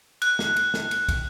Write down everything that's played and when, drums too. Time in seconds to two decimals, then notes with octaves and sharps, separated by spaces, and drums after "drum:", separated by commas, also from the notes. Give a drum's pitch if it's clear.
0.22 F#6, drum: cymbal
0.39 drum: snare
0.56 drum: cymbal
0.74 drum: snare
0.91 drum: cymbal
1.09 drum: kick, cymbal